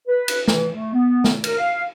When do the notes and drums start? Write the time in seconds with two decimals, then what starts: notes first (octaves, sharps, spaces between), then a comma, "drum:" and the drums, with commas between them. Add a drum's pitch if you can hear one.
0.08 B4
0.28 drum: cymbal
0.48 E3, drum: snare
0.75 A3
0.94 B3
1.24 drum: snare
1.44 A#4, drum: cymbal
1.58 F5